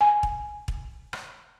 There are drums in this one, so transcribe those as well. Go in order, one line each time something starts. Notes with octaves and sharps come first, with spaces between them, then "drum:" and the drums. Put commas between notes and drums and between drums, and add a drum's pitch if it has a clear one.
G#5
drum: kick
drum: kick
drum: rim click